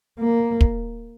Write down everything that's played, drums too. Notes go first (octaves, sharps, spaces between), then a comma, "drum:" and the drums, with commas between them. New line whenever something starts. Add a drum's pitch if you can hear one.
A#3
drum: kick